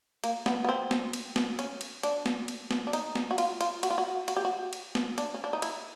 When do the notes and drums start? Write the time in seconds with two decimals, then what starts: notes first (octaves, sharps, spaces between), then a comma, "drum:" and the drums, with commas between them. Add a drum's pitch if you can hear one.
0.24 A#3, drum: cymbal
0.46 B3, drum: snare
0.64 B3
0.69 C4
0.91 drum: snare
1.13 drum: cymbal
1.36 drum: snare
1.59 C#4, drum: cymbal
1.81 drum: cymbal
2.03 D4, drum: cymbal
2.26 drum: snare
2.48 drum: cymbal
2.71 drum: snare
2.87 D4
2.93 D#4, drum: cymbal
3.15 drum: snare
3.31 F#4
3.38 F4, drum: cymbal
3.61 F4, drum: cymbal
3.83 F#4, drum: cymbal
3.90 F4
3.98 F#4
4.28 F#4, drum: cymbal
4.36 G4
4.45 F#4
4.73 drum: cymbal
4.95 drum: snare
5.18 D4, drum: cymbal
5.34 C#4
5.44 D4
5.53 D#4
5.62 E4, drum: cymbal